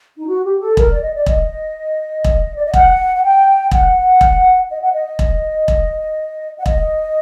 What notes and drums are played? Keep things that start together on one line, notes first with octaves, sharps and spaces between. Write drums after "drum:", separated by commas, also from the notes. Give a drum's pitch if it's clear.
D#4
F#4
G4
A4
A#4, drum: kick E1
D5
D#5
D5
D#5, drum: kick E1
drum: kick E1
D5
D#5
F#5, drum: kick E1
F#5
G5
F#5, drum: kick E1
drum: kick E1
D#5
F#5
D#5
drum: kick E1
drum: kick E1
F#5
D#5, drum: kick E1